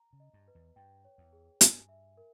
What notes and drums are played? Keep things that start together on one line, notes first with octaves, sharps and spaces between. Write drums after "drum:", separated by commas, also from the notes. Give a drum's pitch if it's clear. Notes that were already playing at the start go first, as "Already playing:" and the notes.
Already playing: A#5
C#3
D#5
G2
B4
E2
G2 G5
C#5
E2
G#4
G2 G#5, drum: hi-hat
E5
A#4